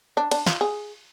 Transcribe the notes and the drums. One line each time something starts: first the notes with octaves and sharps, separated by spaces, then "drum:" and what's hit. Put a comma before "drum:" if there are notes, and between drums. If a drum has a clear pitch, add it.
D4
D4, drum: cymbal
F4, drum: snare
G#4